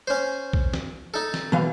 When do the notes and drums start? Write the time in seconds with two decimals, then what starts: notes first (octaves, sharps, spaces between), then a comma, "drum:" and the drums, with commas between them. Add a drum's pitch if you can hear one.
0.07 C#4 C5
0.53 drum: kick A#1
0.74 drum: snare
1.14 D#4 A4
1.34 drum: snare
1.52 B2 E3 F5